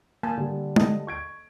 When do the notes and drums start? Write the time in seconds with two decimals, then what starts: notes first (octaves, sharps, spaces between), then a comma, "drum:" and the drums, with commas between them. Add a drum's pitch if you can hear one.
0.23 A#3 G#5 A5
0.37 D3 G3
0.76 A4 D#5, drum: tom
1.07 C#6 G#6 D7